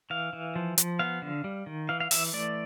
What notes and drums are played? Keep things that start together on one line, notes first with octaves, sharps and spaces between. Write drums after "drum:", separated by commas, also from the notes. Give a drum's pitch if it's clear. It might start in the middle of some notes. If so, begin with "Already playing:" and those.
E3 F5
E3
F3
F3, drum: hi-hat
B3 F5
D3
G3
D#3
E3 F5
F5
E3 E5, drum: open hi-hat
A3 D5